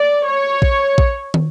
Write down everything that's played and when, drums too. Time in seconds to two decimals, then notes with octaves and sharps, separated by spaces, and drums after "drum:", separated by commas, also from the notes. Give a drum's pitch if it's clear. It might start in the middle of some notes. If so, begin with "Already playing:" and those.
Already playing: D5
0.26 C#5
0.62 drum: kick A#1
0.98 drum: kick A#1
1.34 drum: tom